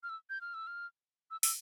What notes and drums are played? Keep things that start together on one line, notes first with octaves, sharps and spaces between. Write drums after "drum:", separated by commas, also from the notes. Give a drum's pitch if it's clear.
F6
E6
G6
F6
E6
F6
E6
E6, drum: open hi-hat